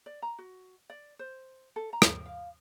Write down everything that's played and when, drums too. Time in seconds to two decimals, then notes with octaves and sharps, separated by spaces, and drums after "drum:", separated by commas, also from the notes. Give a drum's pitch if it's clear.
0.06 D5
0.22 A#5
0.39 F#4
0.90 D5
1.19 C5
1.76 A4
1.93 A#5
2.02 drum: rim click
2.26 F5